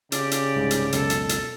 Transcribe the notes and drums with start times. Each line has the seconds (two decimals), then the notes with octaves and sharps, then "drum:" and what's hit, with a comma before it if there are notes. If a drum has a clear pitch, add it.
0.12 C#3 G4 D5, drum: hi-hat
0.31 drum: hi-hat
0.56 C2 G#2 G#3
0.71 drum: hi-hat
0.93 C#2 F#2 B2 A4, drum: hi-hat
1.10 drum: hi-hat
1.29 drum: hi-hat